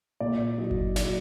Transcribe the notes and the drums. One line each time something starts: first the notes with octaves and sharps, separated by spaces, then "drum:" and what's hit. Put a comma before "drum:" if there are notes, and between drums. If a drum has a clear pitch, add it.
A#2 D5
F#3 D#5
drum: kick G1
F#3 D5, drum: snare